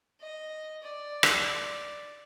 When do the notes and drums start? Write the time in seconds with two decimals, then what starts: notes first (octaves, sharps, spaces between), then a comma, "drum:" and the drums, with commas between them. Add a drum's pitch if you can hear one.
0.20 D#5
0.82 D5
1.23 drum: rim click